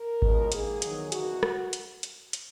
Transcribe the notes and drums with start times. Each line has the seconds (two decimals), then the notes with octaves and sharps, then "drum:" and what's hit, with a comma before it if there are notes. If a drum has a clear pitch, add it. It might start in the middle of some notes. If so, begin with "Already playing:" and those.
Already playing: A#4
0.22 C#2 B2 G#3, drum: kick G#1
0.52 A#1 G#2 D#3 A#3 G#4, drum: hi-hat
0.82 E2 D#3 F#3, drum: hi-hat
1.12 F#1 E2 B2 A#3 F#4, drum: hi-hat
1.43 drum: rim click
1.73 drum: hi-hat
2.03 drum: hi-hat
2.33 drum: hi-hat